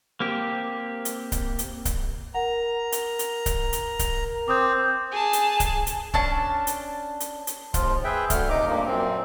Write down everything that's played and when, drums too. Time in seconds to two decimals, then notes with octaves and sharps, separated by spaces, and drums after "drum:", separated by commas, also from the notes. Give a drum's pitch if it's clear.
0.20 A#3 C4 G4
1.05 drum: hi-hat
1.32 drum: kick C#1, hi-hat
1.59 drum: hi-hat
1.85 drum: kick C#1, hi-hat
2.34 A#4 F#5 A#5
2.92 drum: hi-hat
3.19 drum: hi-hat
3.46 drum: kick C#1, hi-hat
3.73 drum: hi-hat
3.99 drum: kick C#1, hi-hat
4.48 C4 D6 D#6 G6
5.12 G#4 A5
5.33 drum: hi-hat
5.60 drum: kick C#1, hi-hat
5.87 drum: hi-hat
6.14 C#4 D4 A5, drum: kick C#1
6.67 drum: hi-hat
7.20 drum: hi-hat
7.47 drum: hi-hat
7.74 D#2 F3 F4, drum: kick C#1, hi-hat
8.04 G#4 B4 E5 G5
8.30 D2 D3 A3 F6, drum: kick C#1, hi-hat
8.50 D#2 C3 D#4 D#5 D6
8.66 G2 A#2 A#3
8.86 F#2 A#2 C4